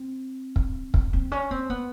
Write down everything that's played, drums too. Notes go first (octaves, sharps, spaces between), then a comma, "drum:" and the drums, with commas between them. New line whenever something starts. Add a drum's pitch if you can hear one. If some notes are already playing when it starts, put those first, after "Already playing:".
Already playing: C4
drum: kick
drum: kick
C4
C#4
C4
B3